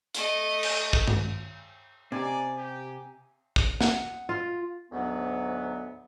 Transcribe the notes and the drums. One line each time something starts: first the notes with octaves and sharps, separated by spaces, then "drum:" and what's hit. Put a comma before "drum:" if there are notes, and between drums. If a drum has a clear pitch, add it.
A3 D#5, drum: hi-hat
drum: cymbal
drum: kick
drum: tom G2
C3 C4 D5 G#5 A#5
G4
drum: kick
F#5, drum: snare
F4
D2 G#2 F#3 B3